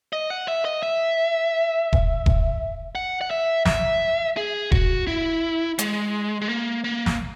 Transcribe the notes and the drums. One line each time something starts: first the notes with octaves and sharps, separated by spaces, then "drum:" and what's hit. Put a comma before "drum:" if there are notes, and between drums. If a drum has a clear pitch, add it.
D#5
F#5
E5
D#5
E5
drum: kick E1
drum: kick E1
F#5
F#5
E5
E5, drum: snare
G#4
F#4, drum: kick E1
E4
G#3, drum: hi-hat
G#3
A#3
A#3
drum: snare